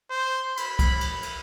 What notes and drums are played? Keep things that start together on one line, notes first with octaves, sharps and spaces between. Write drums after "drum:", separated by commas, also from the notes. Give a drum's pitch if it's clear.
C5
B5, drum: cymbal
drum: kick C2, cymbal
drum: cymbal
drum: cymbal